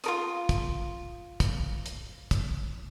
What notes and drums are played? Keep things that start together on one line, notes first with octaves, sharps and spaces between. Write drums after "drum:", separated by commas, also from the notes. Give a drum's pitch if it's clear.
F4 A#4 D#6, drum: hi-hat
drum: kick, hi-hat
drum: kick, hi-hat
drum: hi-hat
drum: kick, hi-hat